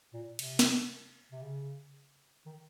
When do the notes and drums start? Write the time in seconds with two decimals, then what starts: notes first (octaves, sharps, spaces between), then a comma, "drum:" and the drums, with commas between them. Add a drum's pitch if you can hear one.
0.13 A#2
0.39 C3, drum: cymbal
0.59 drum: snare
1.32 C3
1.42 C#3
2.46 D#3